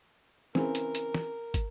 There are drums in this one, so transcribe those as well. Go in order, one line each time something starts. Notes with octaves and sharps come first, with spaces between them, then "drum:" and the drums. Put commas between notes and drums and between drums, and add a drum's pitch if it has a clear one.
C#3 E3 C4 A#4, drum: snare
drum: hi-hat
drum: hi-hat
drum: snare
drum: kick, hi-hat